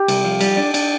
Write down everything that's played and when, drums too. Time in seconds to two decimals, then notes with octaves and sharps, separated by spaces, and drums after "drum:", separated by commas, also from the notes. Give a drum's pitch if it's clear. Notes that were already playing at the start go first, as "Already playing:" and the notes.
Already playing: G4
0.08 C2, drum: cymbal
0.24 F3
0.41 G3, drum: cymbal
0.57 D4
0.74 D4, drum: cymbal